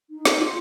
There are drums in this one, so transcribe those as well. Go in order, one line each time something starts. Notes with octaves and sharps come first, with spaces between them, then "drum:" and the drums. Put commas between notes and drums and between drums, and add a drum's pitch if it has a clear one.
D#4
drum: snare
F4